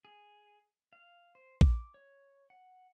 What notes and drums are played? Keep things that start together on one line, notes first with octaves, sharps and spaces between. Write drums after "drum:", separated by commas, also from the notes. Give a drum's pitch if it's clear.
G#4
F5
C5
D6, drum: kick A#1
C#5
F#5